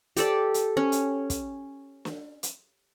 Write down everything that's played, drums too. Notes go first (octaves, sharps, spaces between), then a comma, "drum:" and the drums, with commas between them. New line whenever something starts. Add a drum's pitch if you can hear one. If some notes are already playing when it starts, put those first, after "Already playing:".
G4 A4 D5, drum: hi-hat
drum: hi-hat
C#4
drum: hi-hat
drum: kick, hi-hat
drum: snare
drum: hi-hat